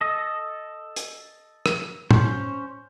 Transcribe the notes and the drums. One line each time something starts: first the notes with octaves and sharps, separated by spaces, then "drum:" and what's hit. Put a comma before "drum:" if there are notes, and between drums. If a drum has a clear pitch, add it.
A4 D#5
drum: hi-hat
drum: rim click
C#4 C5, drum: tom